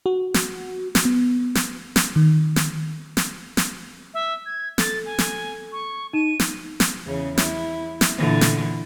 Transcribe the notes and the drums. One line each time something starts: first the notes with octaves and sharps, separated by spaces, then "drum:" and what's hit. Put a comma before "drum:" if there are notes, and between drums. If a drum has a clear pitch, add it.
F#4
drum: snare
drum: snare
B3
drum: snare
drum: snare
D#3
drum: snare
drum: snare
drum: snare
E5
G#6
A4 A6, drum: snare
G#5
drum: snare
C#6
D#4 D#7 E7
drum: snare
drum: snare
E2 C#3
E4, drum: snare
drum: snare
A#2 D3 E3
drum: snare